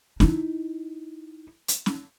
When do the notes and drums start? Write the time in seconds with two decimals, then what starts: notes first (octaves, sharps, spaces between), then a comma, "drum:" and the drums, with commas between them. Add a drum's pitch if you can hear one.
0.20 D#4 E4, drum: snare C#4
1.68 drum: hi-hat
1.86 drum: snare C#4